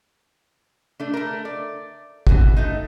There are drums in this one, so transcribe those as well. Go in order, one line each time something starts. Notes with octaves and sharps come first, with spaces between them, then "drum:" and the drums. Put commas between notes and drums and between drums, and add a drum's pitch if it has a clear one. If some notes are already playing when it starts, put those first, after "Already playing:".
A3 D4
A3 A#4
D5
E3 F#4, drum: kick
A3 D#4